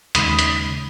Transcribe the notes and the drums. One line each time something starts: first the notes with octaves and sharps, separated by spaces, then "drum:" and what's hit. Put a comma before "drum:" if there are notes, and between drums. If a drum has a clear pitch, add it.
D#2 C#3 G#3 D#4 B5 D#6, drum: hi-hat
drum: hi-hat